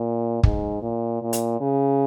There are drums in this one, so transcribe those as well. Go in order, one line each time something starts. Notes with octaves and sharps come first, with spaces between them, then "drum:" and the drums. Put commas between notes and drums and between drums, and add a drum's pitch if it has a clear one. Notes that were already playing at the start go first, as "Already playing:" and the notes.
Already playing: A#2
G#2, drum: kick
A#2
A#2
drum: hi-hat
C#3